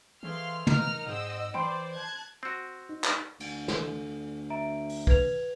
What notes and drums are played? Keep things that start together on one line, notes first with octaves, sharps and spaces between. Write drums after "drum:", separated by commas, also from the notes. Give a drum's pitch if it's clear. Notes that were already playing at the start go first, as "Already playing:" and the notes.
E3 A3 C4 G#4 F5 C6 F6
E3 D#4 A#4 A#5 F6, drum: tom
G#2 G#3 C4 D#5 F#5 E6
E3 C5 D5 G5 B5 C6
A5 F#6 G#6
C4 F#4
D#4
drum: clap
D2, drum: cymbal
A4, drum: snare
E5 A#5 D7
drum: open hi-hat
B4 G#6 F7, drum: kick